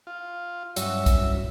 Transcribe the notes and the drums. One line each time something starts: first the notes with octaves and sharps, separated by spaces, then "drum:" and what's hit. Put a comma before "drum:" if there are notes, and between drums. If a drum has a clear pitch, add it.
F4
G2 F#3 C#4 F#4 E5, drum: hi-hat
drum: kick B1, hi-hat